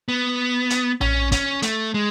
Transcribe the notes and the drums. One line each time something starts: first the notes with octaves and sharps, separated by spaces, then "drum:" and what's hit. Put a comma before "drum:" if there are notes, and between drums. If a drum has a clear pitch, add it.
B3
drum: hi-hat
C#4, drum: tom A#1
C#4, drum: kick, hi-hat
A3, drum: hi-hat
G#3